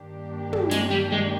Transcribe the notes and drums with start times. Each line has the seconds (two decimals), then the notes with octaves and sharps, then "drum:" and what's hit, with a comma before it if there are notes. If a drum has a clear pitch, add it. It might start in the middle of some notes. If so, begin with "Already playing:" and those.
Already playing: G2 D#3 A#3 D4 G4
0.53 drum: tom
0.71 G#3, drum: hi-hat
0.91 G3
1.12 G#3